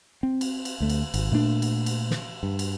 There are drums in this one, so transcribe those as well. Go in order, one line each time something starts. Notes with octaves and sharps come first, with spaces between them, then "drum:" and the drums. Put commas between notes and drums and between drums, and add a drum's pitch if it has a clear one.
C4
drum: cymbal
drum: cymbal
D2 A3
drum: cymbal
G#1, drum: cymbal
A#2 A3 A#3 D4
drum: cymbal
drum: cymbal
drum: snare
G2
drum: cymbal